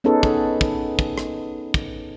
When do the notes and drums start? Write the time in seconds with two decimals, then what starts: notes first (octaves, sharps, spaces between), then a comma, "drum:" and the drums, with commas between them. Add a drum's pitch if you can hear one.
0.04 B3 C#4 D#4 G#4 A4 B4
0.23 drum: kick
0.61 drum: kick
0.99 drum: kick
1.18 drum: rim click
1.74 drum: kick